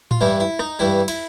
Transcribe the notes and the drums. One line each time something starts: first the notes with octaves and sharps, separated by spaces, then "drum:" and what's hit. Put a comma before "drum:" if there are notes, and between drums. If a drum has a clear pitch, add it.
F4, drum: tom A2
G2 E3 G3 E4
E4
D#4, drum: rim click
G2 E3 G3 E4
E4, drum: cymbal